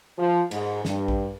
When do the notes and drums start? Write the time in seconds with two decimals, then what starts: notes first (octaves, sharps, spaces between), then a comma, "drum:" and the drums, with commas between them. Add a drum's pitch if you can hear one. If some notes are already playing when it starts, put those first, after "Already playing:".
0.18 F3
0.51 G#2, drum: cymbal
0.85 G2, drum: snare
1.08 drum: kick A1